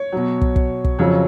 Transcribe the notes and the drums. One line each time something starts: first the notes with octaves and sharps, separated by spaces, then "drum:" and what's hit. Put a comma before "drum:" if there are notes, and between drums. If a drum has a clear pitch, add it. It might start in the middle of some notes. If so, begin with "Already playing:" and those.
Already playing: C#5
B2 F#3
drum: kick
drum: kick
drum: kick
F2 C#3 F#3 C#5